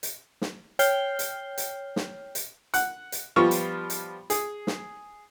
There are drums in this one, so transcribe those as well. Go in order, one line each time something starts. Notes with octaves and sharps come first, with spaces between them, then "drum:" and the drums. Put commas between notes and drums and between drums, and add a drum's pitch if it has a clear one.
drum: hi-hat
drum: snare
C#5 G5 F6 G6 C7 G7, drum: hi-hat
drum: hi-hat
drum: hi-hat
drum: snare
drum: hi-hat
F#5, drum: hi-hat
drum: hi-hat
F3 G3 B3 F4 C#6 F6
drum: hi-hat
drum: hi-hat
G#4, drum: hi-hat
drum: snare